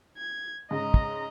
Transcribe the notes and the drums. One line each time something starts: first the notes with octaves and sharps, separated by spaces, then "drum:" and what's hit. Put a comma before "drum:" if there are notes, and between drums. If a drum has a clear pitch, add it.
G#6
G#2 C#3 D#5 A#5
drum: kick